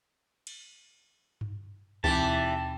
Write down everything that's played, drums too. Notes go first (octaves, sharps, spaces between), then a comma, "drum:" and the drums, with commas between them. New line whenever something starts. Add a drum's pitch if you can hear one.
drum: cymbal
drum: tom G2
D#2 B2 E3 C4 G4 A5, drum: kick C#2
E5 G5